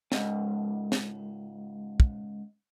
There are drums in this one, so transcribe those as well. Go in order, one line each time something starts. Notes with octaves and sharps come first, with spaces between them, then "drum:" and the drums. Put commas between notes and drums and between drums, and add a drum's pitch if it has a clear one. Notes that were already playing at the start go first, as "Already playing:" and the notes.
C#2 G#2, drum: snare
drum: snare
drum: kick